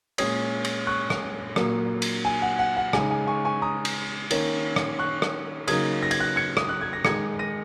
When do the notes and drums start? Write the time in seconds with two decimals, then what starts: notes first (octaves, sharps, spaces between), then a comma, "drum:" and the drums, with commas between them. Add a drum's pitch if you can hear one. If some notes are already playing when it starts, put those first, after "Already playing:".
0.18 A#2 G#3 C#4 D#6 G#6, drum: cymbal
0.65 drum: cymbal
0.87 C#6 F#6
1.10 drum: rim click
1.56 A#2 F#3 A#3, drum: rim click
2.02 drum: cymbal
2.25 G#5
2.42 F#5
2.59 F#5
2.77 F#5
2.93 C#3 G#3 D#4 G#5, drum: rim click
3.10 G#5
3.27 G#5 C#6
3.45 G#5 C#6
3.62 A#5 D#6
3.85 drum: cymbal
4.31 D#3 A#3 C#4, drum: cymbal
4.76 drum: rim click
4.99 C#6 F#6
5.22 drum: rim click
5.68 C#3 F#3 A#3 D#4 D#6 G#6, drum: cymbal
6.03 A#6
6.11 G#6, drum: cymbal
6.20 F#6 A#6
6.36 G#6 C#7
6.57 D#6, drum: rim click
6.69 F#6
6.81 G#6
6.93 A#6
7.05 D#3 G#3 D#4 G#6 C#7, drum: rim click
7.39 A#6 D#7